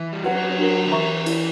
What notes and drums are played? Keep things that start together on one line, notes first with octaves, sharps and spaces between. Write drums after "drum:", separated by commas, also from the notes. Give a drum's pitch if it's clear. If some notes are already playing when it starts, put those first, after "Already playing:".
Already playing: E3
G3
F#3 F#4 B4 F#5, drum: cymbal
D4 F#4 A#4
D3
E3 A#4 E5 A#5 C#6
E4 A#4 D5, drum: cymbal